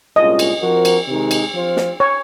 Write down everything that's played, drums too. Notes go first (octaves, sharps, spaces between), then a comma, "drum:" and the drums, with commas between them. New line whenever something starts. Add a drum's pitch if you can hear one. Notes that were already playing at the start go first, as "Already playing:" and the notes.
C2 A#2 G#3 C#4 F4 D#5
drum: cymbal
F3 C4 F#4 A#4
drum: cymbal
C3 D#3 G#3 D#4
drum: cymbal
F3 C4 F4 C5
drum: snare
C#5